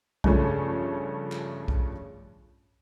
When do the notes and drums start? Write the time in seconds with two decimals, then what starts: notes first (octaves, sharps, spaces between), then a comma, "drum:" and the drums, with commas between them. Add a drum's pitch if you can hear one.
0.24 G2 C#3 F3 A3 C#4, drum: kick B1
1.32 drum: clap
1.68 drum: kick B1